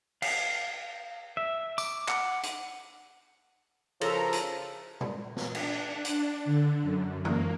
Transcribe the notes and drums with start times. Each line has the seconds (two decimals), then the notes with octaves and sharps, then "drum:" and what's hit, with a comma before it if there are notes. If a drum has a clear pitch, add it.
0.22 F5, drum: cymbal
1.37 E5
1.78 D6, drum: tambourine
2.08 F#5, drum: clap
2.43 drum: hi-hat
4.01 C#3 F3 A4 A#4 A#5, drum: cymbal
4.33 drum: hi-hat
5.01 drum: tom A#2
5.36 drum: snare
5.55 D4, drum: cymbal
6.05 D4, drum: hi-hat
6.45 D3
6.83 F#2
7.25 A#3, drum: tom